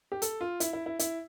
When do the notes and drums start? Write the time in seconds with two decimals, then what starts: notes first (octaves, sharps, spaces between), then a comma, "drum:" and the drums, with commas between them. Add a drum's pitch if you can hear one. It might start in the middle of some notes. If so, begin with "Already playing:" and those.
0.12 G4
0.22 A4, drum: hi-hat
0.41 F4
0.60 E4, drum: hi-hat
0.73 E4
0.86 E4
0.99 E4, drum: hi-hat